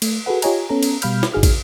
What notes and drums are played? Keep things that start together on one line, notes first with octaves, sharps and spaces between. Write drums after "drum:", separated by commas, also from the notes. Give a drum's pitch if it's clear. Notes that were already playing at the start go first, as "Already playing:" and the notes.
A3, drum: cymbal
F#4 G#4 A4 B4 F#5
F4 G4 C#5 D#5 G#5 A#5, drum: cymbal
B3 C#4 A4 A#5
drum: cymbal
B2 G3 F5 B5 F6 G6, drum: cymbal
drum: snare
G1 D#4 F#4 G#4 F6
drum: kick, cymbal